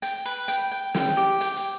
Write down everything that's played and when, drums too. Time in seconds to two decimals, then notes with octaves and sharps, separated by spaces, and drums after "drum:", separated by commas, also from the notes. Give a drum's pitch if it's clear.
0.02 G5, drum: hi-hat
0.25 B4
0.48 G5, drum: hi-hat
0.72 G5
0.94 G5, drum: snare
1.17 G4
1.41 G5, drum: hi-hat
1.56 drum: hi-hat